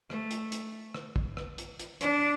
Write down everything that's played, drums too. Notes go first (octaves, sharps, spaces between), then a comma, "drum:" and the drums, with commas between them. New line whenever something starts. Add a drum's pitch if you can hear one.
A3, drum: rim click
drum: hi-hat
drum: hi-hat
drum: rim click
drum: kick
drum: rim click
drum: hi-hat
drum: hi-hat
D4, drum: hi-hat